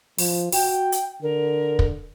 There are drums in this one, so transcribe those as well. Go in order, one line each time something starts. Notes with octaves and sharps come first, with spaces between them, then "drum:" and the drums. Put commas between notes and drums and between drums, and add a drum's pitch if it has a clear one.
F3, drum: open hi-hat
F#4 G5, drum: open hi-hat
drum: hi-hat
D3 A#4
drum: kick